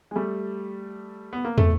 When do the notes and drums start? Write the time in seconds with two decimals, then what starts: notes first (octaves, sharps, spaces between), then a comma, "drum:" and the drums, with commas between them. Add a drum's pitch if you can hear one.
0.11 G#3
0.16 G3 A3
1.33 B3
1.45 A#3
1.58 A3, drum: tom